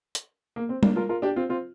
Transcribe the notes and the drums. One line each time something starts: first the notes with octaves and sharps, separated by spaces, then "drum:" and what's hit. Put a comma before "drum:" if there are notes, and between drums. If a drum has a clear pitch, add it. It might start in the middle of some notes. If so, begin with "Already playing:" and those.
drum: hi-hat
A#3
C4
A#3 D4, drum: tom G3
F4 A#4
F4 A#4
D4 G4
C4 F4
C4 F4